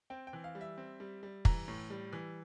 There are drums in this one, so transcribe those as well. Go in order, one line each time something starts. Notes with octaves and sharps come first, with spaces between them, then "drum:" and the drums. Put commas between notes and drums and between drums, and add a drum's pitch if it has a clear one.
C4 G5
G5
E3
F5
G3
E5
C4
G3
G3
E3 A#5, drum: kick
A2
G3
E3